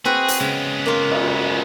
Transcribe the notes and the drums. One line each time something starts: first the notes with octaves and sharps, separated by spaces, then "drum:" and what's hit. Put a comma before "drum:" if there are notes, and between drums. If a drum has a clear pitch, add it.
C4 F#4 G#4 B4
drum: hi-hat
C#3 G#3 B3
A#3 F4
drum: cymbal